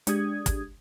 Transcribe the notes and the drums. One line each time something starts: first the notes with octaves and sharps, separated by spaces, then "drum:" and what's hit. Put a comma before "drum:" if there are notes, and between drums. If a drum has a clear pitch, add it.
G#3 D4 G4 D#6 G#6, drum: hi-hat
drum: kick, hi-hat